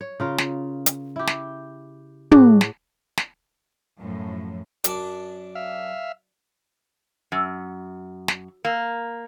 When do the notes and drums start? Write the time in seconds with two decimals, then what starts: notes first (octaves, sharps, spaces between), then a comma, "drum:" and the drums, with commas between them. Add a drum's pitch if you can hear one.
0.01 C#5
0.20 C#3 F4 A#4
0.38 drum: snare
0.86 drum: hi-hat
1.16 E4 G4
1.27 drum: snare
2.31 A2 F#4 G#4, drum: tom
2.61 drum: snare
3.17 drum: snare
3.99 F#2 A2 F3
4.84 F#2 D4 D5, drum: hi-hat
5.55 E5 F5
7.32 F#2
8.28 drum: snare
8.65 A#3